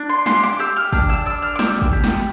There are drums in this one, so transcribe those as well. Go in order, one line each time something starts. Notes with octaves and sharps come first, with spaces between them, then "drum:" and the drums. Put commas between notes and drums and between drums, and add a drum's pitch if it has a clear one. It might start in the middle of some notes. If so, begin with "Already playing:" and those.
Already playing: D4
C6
G4 C6, drum: snare
D6
G4 E6
F6
D4 F6, drum: kick
E6
D4 E6
F6
D6
G4 E6, drum: snare
drum: kick
G4
drum: snare